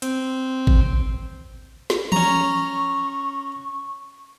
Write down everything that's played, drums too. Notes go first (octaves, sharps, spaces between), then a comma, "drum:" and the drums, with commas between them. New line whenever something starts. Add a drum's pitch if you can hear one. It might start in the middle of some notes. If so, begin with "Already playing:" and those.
C4, drum: hi-hat
drum: kick G#1
drum: snare
C#4 A#5 C#6, drum: tom E3